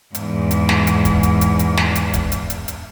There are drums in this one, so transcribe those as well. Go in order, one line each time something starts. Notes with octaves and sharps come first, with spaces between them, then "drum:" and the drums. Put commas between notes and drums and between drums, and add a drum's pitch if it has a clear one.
E2 G#2, drum: hi-hat
drum: hi-hat
drum: snare
drum: hi-hat
drum: kick, hi-hat
drum: hi-hat
drum: hi-hat
drum: hi-hat
drum: snare
drum: hi-hat
drum: kick, hi-hat
drum: hi-hat
drum: hi-hat
drum: hi-hat